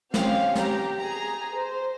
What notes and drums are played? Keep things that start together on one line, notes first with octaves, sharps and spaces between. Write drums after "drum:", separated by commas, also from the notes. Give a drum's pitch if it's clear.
C4 C#4 G4 F5, drum: snare
G4 A#5, drum: snare
G#4 A#5
C5